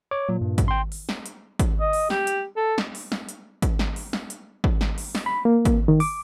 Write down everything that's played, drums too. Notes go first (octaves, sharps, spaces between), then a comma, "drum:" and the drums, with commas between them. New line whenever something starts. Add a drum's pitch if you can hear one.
C#5 D6
A#2 F#3
G2
drum: kick G#1, hi-hat
G5 C6
drum: open hi-hat
drum: snare
drum: hi-hat
drum: kick G#1, hi-hat
D#5
drum: open hi-hat
G4, drum: snare
drum: hi-hat
A4
drum: snare
drum: open hi-hat
drum: snare
drum: hi-hat
drum: kick G#1, hi-hat
drum: snare
drum: open hi-hat
drum: snare
drum: hi-hat
drum: kick G#1
drum: snare
drum: open hi-hat
drum: snare
B5
A#3
drum: kick G#1, hi-hat
D#3
D6, drum: open hi-hat